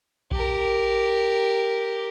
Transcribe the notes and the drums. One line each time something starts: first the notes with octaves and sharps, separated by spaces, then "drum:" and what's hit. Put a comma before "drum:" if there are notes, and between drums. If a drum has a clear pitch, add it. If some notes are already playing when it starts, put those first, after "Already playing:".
G4 A#4, drum: kick A#1